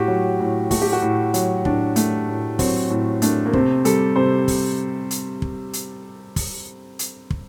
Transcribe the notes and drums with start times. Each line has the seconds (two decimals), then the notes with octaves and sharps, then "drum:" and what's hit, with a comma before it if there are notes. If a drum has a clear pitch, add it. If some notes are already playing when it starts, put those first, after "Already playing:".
Already playing: A2 F#4 G4
0.08 F#3
0.40 A2
0.71 A3 F#4, drum: kick, open hi-hat
0.82 G4
0.93 F#4
1.02 A2
1.34 F#3, drum: hi-hat
1.65 A2 D4, drum: kick
1.96 A3, drum: hi-hat
2.28 A2
2.59 F#3 C4, drum: kick, open hi-hat
2.90 A2
3.22 A3 D4, drum: hi-hat
3.46 A#3
3.53 C3 C4, drum: kick
3.85 G3 A4, drum: hi-hat
4.16 C3 C5
4.48 drum: kick, open hi-hat
5.11 drum: hi-hat
5.42 drum: kick
5.73 drum: hi-hat
6.36 drum: kick, open hi-hat
6.99 drum: hi-hat
7.30 drum: kick